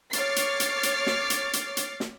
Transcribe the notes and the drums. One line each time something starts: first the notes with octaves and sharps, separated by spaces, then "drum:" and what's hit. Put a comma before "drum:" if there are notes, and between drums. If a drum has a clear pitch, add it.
C#5 D6 F6 A6 C7, drum: hi-hat
drum: hi-hat
drum: hi-hat
drum: hi-hat
drum: snare
drum: hi-hat
drum: hi-hat
drum: hi-hat
drum: snare